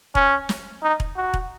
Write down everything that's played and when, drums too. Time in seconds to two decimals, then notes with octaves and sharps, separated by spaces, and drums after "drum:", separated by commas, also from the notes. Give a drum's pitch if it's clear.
0.15 C#4, drum: kick E1
0.49 drum: snare
0.83 D#4
1.00 drum: kick E1
1.17 F#4
1.34 drum: kick E1